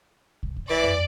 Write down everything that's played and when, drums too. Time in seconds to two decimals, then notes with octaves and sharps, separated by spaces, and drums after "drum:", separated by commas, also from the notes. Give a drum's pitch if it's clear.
0.43 drum: kick
0.56 drum: kick
0.70 E3 D5
0.84 drum: tom F2